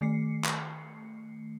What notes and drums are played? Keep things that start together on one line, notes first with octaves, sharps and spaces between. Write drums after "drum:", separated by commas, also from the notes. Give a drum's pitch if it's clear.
D#3 A3 C7 C#7
drum: clap